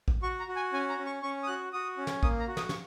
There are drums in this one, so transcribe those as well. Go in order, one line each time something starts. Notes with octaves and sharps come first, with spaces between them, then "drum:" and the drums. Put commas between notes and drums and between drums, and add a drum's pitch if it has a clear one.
drum: kick A1
F#4 C#6
A#5
F#4
G#5
C#4 G#5
A#5
C#4
C#6
C#4 C#6
D#6
F#4 F#6
F#4 D#6
C#4
drum: snare
A#3 D#6, drum: kick A1
A#5
F#4
D#6, drum: snare
C#6, drum: snare